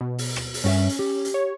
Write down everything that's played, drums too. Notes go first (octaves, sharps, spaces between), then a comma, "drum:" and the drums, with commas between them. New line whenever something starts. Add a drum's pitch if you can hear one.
B2
drum: open hi-hat
drum: rim click
drum: open hi-hat
G2 C#4 F#4 E5
drum: hi-hat
G4
drum: hi-hat
C#5